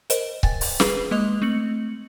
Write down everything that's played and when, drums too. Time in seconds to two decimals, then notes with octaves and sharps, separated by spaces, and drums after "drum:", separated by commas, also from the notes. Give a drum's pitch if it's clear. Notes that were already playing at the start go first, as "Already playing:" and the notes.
0.10 A#4 C5 D#5, drum: hi-hat
0.43 G5 G#5 A6, drum: kick C#1
0.61 drum: open hi-hat
0.80 G#4 B4, drum: snare
1.11 G#3 A#3 D#5 D#6 F7
1.42 A3 C4 C#7 F#7